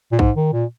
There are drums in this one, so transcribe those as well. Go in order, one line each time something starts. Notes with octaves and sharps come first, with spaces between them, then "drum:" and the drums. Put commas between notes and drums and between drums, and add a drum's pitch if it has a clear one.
A#2
G#2, drum: kick
D#3
A#2